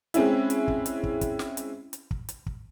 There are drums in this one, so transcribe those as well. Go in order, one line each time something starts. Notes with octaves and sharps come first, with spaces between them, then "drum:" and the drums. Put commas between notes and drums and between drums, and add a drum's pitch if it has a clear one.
G#3 C4 C#4 E4, drum: hi-hat
drum: hi-hat
drum: kick
drum: hi-hat
drum: kick
drum: kick, hi-hat
drum: snare
drum: hi-hat
drum: hi-hat
drum: kick
drum: hi-hat
drum: kick